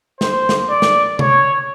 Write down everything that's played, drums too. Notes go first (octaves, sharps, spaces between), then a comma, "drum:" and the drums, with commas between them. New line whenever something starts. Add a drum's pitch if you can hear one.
C5, drum: snare
drum: snare
D5
drum: snare
C#5, drum: tom C3